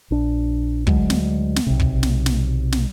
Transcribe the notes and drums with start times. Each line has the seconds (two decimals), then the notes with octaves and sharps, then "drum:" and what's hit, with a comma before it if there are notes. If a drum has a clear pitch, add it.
0.11 A#1 D4
0.87 D2 F#3 G#3, drum: kick
1.10 drum: snare
1.56 drum: snare
1.67 B1 C3
1.80 drum: kick
2.03 drum: snare
2.26 drum: snare
2.72 drum: snare